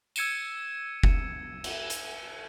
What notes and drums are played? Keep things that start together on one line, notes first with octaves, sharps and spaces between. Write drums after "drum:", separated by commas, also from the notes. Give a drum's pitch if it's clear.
E6 G#6 C#7 D#7 E7, drum: tambourine
drum: kick F1
drum: cymbal
drum: hi-hat